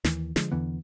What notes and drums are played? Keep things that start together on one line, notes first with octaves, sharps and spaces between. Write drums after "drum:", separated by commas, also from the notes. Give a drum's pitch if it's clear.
D#2 E3, drum: snare
D3 F3 G#3, drum: snare
E2 D3 E3 B3